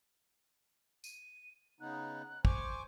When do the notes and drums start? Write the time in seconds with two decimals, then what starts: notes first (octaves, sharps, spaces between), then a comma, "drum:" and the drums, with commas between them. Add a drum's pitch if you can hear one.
1.04 D#7, drum: tambourine
1.80 C#3 B3 D#4 F#6
2.45 C5 G#5 C#6 D6, drum: kick